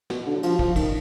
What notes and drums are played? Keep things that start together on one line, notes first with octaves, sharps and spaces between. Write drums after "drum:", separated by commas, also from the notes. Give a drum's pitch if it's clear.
B2, drum: snare
D3
F#3
F3, drum: cymbal
F3, drum: kick
D#3, drum: kick, cymbal